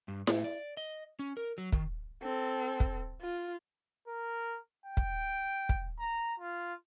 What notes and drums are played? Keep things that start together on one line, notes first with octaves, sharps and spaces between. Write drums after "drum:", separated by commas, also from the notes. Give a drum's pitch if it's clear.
G2
A2, drum: snare E4
D5
D#5
C#4
A#4
F#3
D#3, drum: kick
C4 A4
drum: kick
F4
A#4
G5
drum: kick
drum: kick
A#5
F4